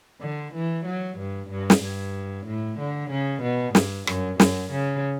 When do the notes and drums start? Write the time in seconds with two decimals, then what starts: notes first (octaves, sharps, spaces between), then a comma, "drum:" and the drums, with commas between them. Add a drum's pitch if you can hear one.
0.21 D3
0.54 E3
0.86 F#3
1.18 G2
1.50 G2
1.70 drum: snare
1.82 G2
2.46 A2
2.79 D3
3.11 C#3
3.43 B2
3.75 G2, drum: snare
4.07 F#2, drum: rim click
4.40 F#2, drum: snare
4.71 C#3